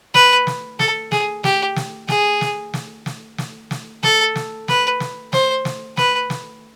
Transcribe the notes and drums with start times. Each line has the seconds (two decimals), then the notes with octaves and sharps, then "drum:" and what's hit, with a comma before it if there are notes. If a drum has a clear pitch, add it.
0.14 B4, drum: snare
0.47 drum: snare
0.79 A4, drum: snare
1.12 G#4, drum: snare
1.44 G4, drum: snare
1.76 drum: snare
2.09 G#4, drum: snare
2.41 drum: snare
2.74 drum: snare
3.06 drum: snare
3.38 drum: snare
3.71 drum: snare
4.03 A4, drum: snare
4.36 drum: snare
4.68 B4, drum: snare
5.00 drum: snare
5.33 C5, drum: snare
5.65 drum: snare
5.97 B4, drum: snare
6.30 drum: snare